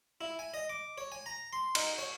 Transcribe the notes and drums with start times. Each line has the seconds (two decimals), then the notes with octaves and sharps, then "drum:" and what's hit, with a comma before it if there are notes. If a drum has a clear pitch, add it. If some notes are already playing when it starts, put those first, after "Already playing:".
0.21 E4
0.39 G#5
0.54 D#5
0.69 D6
0.98 C#5
1.12 G#5
1.26 A#5
1.53 C6
1.75 D#4, drum: cymbal
1.98 C#5